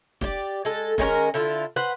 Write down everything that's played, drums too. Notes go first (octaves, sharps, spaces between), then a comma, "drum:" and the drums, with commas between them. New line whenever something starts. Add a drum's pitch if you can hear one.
G4 D5, drum: snare E1
G#3 A4
D#3 G#3 C#4 A#4, drum: snare E1
D3 E4 F4
B4 C5 F#5